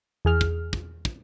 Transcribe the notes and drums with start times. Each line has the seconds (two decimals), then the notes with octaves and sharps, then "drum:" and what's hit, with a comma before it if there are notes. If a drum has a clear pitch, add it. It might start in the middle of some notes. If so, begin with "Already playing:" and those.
0.25 E2 G#4 F6
0.41 drum: kick
0.73 drum: kick
1.05 drum: kick